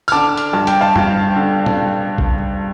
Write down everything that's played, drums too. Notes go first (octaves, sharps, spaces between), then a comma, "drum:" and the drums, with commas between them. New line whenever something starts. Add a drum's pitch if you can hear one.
F6, drum: tambourine
D3 A5 D6
drum: hi-hat
G2 A5
G5, drum: hi-hat
F5 A5
G2, drum: tom
D3
drum: tom
drum: kick